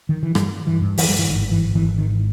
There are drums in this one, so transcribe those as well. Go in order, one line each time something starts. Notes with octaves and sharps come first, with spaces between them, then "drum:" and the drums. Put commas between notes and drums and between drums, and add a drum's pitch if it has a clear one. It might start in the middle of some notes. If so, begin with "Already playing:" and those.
D#3
E3
G2 G3, drum: rim click
E3
G2
E3, drum: open hi-hat
G3
E3
G#1 D#3
E3
G#1 E3
D#3